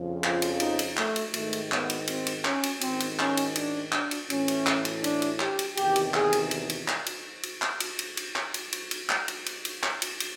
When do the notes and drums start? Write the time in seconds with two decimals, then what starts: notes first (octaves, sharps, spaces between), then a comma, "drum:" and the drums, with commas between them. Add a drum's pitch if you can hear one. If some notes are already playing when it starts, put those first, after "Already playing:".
Already playing: F2 C#3 F3
0.24 F4, drum: clap
0.42 drum: cymbal
0.60 D#4, drum: cymbal
0.79 drum: cymbal
0.97 A3, drum: clap
1.16 drum: cymbal
1.34 G#2 D#3 A3, drum: cymbal
1.53 drum: cymbal
1.72 B3, drum: clap
1.90 drum: cymbal
2.07 C4, drum: cymbal
2.27 drum: cymbal
2.45 C#4, drum: clap
2.63 drum: cymbal
2.81 G#2 D#3 C4, drum: cymbal
3.00 drum: cymbal
3.19 C#4, drum: clap
3.37 drum: cymbal
3.56 D4, drum: cymbal
3.92 D4, drum: clap
4.11 drum: cymbal
4.30 A2 E3 C#4, drum: cymbal
4.48 drum: cymbal
4.66 drum: clap
4.85 drum: cymbal
5.04 D4, drum: cymbal
5.22 drum: cymbal
5.40 G4, drum: clap
5.59 drum: cymbal
5.77 E2 C3 D#3 G4, drum: cymbal
5.96 drum: cymbal
6.14 G#4, drum: clap
6.33 drum: cymbal
6.51 drum: cymbal
6.70 drum: cymbal
6.88 drum: clap
7.06 drum: cymbal
7.43 drum: cymbal
7.62 drum: clap
7.80 drum: cymbal
7.99 drum: cymbal
8.17 drum: cymbal
8.36 drum: clap
8.54 drum: cymbal
8.73 drum: cymbal
8.91 drum: cymbal
9.09 drum: clap
9.28 drum: cymbal
9.46 drum: cymbal
9.65 drum: cymbal
9.83 drum: clap
10.02 drum: cymbal
10.20 drum: cymbal